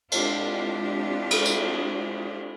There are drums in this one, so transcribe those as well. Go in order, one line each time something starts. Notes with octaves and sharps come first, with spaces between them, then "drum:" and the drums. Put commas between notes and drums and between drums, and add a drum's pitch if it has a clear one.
G#3 C4 D4 E4 F4 G4, drum: cymbal
drum: cymbal
drum: tambourine